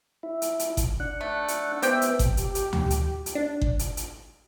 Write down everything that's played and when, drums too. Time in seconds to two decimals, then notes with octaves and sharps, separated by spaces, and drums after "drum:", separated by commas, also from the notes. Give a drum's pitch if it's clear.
0.23 E4
0.42 drum: hi-hat
0.59 drum: hi-hat
0.77 drum: kick G1, hi-hat
1.00 D4 F#5
1.21 A3
1.48 drum: hi-hat
1.82 B3 C4 G4 E5 G5, drum: hi-hat
2.02 drum: hi-hat
2.19 drum: kick G1, hi-hat
2.37 G4, drum: hi-hat
2.55 drum: hi-hat
2.73 drum: tom D2
2.90 drum: hi-hat
3.26 drum: hi-hat
3.35 D4
3.62 drum: kick G1
3.79 drum: hi-hat
3.97 drum: hi-hat